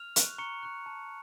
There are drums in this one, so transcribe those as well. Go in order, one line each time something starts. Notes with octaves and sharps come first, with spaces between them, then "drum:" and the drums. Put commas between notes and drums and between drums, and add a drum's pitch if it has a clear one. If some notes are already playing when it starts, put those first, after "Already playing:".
Already playing: F6 F7
C#6 F#6, drum: hi-hat
A#5 C#6 C#7
C#6 F#6
A5